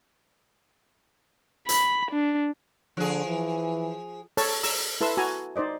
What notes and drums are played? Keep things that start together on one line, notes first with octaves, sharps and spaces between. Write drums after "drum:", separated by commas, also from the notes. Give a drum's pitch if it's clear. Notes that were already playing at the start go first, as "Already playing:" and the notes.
B5, drum: hi-hat
D4
D3 F3 G#4
E3
A4 C#5 A5, drum: open hi-hat
A#5 E6, drum: open hi-hat
E4 A4 B4 C6 E6
F#4 G#5 A#5
D#4 C5 D5 D#5